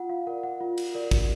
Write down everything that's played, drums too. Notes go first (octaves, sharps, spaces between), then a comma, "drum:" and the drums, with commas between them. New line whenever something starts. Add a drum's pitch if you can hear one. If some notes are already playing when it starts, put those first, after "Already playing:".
Already playing: F4 F#5
F5
A#4 D5 F#5
F#5
F4
drum: cymbal
A#4 D5
drum: kick, cymbal